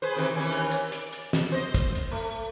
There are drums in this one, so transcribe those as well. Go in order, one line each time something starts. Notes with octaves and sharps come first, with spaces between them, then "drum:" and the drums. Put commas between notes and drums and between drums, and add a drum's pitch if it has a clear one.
G#4 B4 C5
C3 D#3 E3
D#2 E3 C#4
drum: open hi-hat
drum: hi-hat
D5, drum: hi-hat
drum: hi-hat
drum: snare
C5 D#5
drum: kick, hi-hat
drum: hi-hat
A3